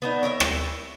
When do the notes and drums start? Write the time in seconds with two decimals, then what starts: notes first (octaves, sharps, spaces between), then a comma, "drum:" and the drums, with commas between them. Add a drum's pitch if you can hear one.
0.02 B3 D4 D#4
0.23 A#4 C#5 D#5 E5
0.40 drum: rim click